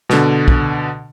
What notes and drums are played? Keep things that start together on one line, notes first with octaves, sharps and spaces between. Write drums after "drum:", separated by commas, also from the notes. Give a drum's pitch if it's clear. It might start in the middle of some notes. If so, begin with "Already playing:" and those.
B2 D3, drum: snare
drum: kick